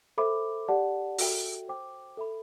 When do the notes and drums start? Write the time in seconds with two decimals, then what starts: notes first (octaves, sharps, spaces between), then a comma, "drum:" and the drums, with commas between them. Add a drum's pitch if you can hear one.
0.18 A4 C5 E5 B5 D6
0.68 G4 D5 F#5 A5
1.18 F#4 A4 E5 G5, drum: open hi-hat
1.68 C5 G5 D6
2.17 A4 E5 B5